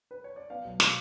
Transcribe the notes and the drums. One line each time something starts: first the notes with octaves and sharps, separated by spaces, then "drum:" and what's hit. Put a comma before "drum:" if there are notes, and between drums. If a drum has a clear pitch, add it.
B4
C#5
D5
B3 F5
B1
B2, drum: snare